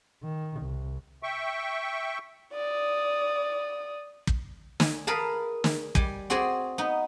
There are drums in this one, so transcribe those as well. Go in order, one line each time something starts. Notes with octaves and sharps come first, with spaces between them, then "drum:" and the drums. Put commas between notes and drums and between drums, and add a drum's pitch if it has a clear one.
D#3
C2
E5 G5 C#6
D5 D#6
drum: kick
G#5, drum: snare
G#4 A#4 B4 F5 A5
drum: snare
G3 G#5, drum: kick
C4 F#4 G#4 D5 G#5
B3 D#4